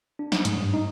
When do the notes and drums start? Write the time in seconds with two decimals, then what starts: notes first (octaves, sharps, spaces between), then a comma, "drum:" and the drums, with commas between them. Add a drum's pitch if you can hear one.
0.19 D4
0.32 D#4, drum: snare
0.45 G#2, drum: hi-hat
0.57 G2
0.74 D#4